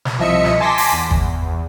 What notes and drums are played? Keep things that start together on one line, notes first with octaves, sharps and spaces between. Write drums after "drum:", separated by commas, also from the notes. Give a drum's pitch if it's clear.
drum: snare
C2 F3 D#5 E5 C#7
drum: snare
G#5 A5 C6 D6 A#6 B6
drum: open hi-hat
E2
drum: kick